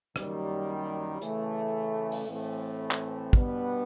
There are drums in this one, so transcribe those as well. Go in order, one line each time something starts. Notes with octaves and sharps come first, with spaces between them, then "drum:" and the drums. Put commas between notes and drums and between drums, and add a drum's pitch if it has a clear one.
F#2 D#3 G3 A#3, drum: rim click
C#3 E3 A3, drum: hi-hat
drum: cymbal
A2 E3 A3 C4
drum: clap
B2 G3 B3 D4, drum: kick